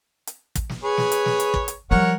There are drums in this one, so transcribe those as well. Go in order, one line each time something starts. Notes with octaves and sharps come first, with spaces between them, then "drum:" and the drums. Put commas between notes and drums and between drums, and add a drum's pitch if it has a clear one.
drum: hi-hat
drum: kick, hi-hat
drum: snare
G#4 B4 C#5
drum: snare
drum: hi-hat
drum: snare
drum: hi-hat
drum: kick
drum: hi-hat
F3 G3 A#4 C#5 F#5